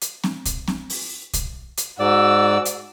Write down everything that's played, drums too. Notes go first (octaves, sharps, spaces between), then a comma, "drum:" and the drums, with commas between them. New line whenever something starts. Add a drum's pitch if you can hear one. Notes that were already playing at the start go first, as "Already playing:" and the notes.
drum: hi-hat
drum: snare C4
drum: kick, hi-hat
drum: snare C4
drum: open hi-hat
drum: kick, hi-hat
drum: hi-hat
G#2 F#4 D5 E6
drum: hi-hat